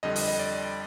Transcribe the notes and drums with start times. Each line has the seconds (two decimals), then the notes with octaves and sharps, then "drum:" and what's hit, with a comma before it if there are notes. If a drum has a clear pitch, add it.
0.03 F2 D3 G3 D#5
0.16 D#5, drum: open hi-hat
0.28 D#5
0.39 D5